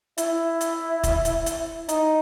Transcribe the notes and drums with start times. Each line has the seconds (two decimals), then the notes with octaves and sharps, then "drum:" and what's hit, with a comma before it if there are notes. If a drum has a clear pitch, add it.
0.18 E4, drum: hi-hat
0.61 drum: hi-hat
1.04 drum: kick, hi-hat
1.25 drum: hi-hat
1.46 drum: hi-hat
1.89 D#4, drum: hi-hat